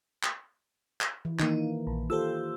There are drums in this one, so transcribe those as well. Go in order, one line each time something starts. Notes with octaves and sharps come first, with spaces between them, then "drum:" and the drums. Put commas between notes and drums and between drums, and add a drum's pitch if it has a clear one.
drum: clap
drum: clap
E3
D#3 E3 A#3 D#4, drum: clap
A#1
F4 G4 A4 C5 E6